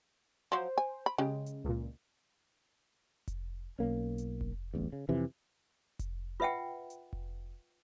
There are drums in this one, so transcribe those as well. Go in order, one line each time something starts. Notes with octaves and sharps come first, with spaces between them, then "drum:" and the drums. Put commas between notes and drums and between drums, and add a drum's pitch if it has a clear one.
F3 F#3 C5
G#5
B5
C#3 G#3 G4
drum: hi-hat
C#2 A#2
drum: kick F1, hi-hat
B1 A#3 C#4
drum: hi-hat
drum: kick F1
D1 A1 E2
C#3
F2 C3 E3
drum: kick F1, hi-hat
F4 B4 E5 F#5 G5
drum: hi-hat
drum: kick F1